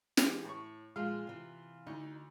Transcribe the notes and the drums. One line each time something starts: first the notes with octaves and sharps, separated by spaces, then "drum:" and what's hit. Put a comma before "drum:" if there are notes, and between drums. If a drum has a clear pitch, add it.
E3 G#3 G4, drum: snare
A2 C#6
A#2 F3 G#3 F4 F5
C3 E3
D2 D#4